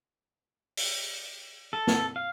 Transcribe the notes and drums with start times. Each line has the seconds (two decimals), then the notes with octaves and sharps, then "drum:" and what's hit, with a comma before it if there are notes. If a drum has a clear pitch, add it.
0.77 drum: open hi-hat
1.73 A4
1.87 drum: snare
2.16 F5